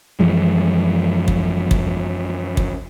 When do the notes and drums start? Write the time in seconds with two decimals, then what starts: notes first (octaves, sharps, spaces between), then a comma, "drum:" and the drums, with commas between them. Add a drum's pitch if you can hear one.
0.20 F#2 E3 F3 G#3
1.28 drum: kick
1.71 drum: kick
2.57 drum: kick